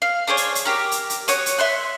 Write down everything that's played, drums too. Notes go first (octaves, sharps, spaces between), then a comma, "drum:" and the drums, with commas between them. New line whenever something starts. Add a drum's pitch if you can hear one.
F5
D4 G#4 C5 C#5
drum: hi-hat
drum: hi-hat
G4 A#4
drum: hi-hat
drum: hi-hat
F#4 C#5 D#6, drum: hi-hat
drum: hi-hat
E5 C6 F#6